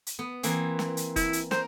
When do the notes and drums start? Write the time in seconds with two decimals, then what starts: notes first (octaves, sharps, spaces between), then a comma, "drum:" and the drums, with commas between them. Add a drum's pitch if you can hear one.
0.07 drum: hi-hat
0.19 B3
0.43 E3 A#3 C4, drum: hi-hat
0.79 drum: snare
0.97 drum: hi-hat
1.16 E4, drum: kick F1, hi-hat
1.33 drum: hi-hat
1.51 A#4 C5, drum: snare